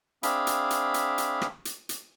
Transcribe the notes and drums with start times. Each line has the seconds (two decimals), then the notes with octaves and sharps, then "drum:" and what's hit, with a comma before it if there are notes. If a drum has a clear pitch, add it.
0.23 C4 D4 G#4 E5 F5 B5, drum: hi-hat
0.47 drum: hi-hat
0.70 drum: hi-hat
0.94 drum: hi-hat
1.18 drum: hi-hat
1.42 drum: rim click
1.65 drum: hi-hat
1.89 drum: hi-hat